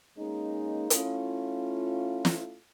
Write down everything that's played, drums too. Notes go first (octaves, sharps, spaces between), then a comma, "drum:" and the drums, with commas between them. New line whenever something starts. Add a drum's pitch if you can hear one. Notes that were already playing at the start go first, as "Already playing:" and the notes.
G#3 A#3 C#4 D#4
A3 C#4 E4 F4, drum: hi-hat
drum: snare